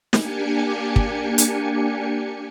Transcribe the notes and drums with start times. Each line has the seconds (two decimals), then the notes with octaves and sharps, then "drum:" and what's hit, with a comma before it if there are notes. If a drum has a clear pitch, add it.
0.13 A#3 D4 G4 G#5 C#7, drum: snare
0.96 drum: kick
1.38 drum: hi-hat